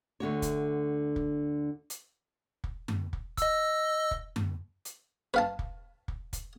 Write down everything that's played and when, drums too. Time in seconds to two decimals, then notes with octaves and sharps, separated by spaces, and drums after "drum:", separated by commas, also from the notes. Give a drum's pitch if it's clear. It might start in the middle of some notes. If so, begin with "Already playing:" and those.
0.20 D2 D3 F#4 C#5
0.42 drum: kick, hi-hat
1.16 drum: kick
1.90 drum: hi-hat
2.64 drum: kick
2.88 drum: tom F#2
3.13 drum: kick
3.37 D#5 E6, drum: kick, hi-hat
4.11 drum: kick
4.36 drum: tom F#2
4.85 drum: hi-hat
5.34 B4 F5 A5
5.59 drum: kick
6.08 drum: kick
6.33 drum: kick, hi-hat